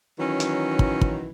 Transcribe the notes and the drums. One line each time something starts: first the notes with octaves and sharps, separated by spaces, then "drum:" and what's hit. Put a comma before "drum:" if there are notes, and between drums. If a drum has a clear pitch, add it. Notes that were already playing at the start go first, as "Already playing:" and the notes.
D#3 E3 F#3 C#4
drum: hi-hat
drum: kick
drum: kick